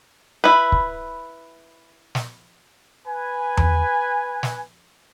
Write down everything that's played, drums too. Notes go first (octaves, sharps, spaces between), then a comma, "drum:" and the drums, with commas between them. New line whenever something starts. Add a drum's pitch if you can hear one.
E4 B4
drum: kick
drum: snare
B4 G#5
drum: tom E2
drum: snare